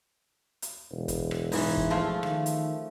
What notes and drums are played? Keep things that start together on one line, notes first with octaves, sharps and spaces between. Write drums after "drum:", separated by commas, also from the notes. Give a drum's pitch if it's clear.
drum: hi-hat
E1
drum: kick, hi-hat
drum: rim click
G#2 E3 C#4, drum: open hi-hat
drum: kick
F3 A3 F4
D#3, drum: rim click
drum: hi-hat